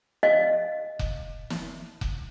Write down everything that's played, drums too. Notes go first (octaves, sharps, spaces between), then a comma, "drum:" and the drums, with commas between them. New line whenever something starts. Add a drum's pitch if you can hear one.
D#5 F5
drum: kick F1
drum: snare
drum: kick F1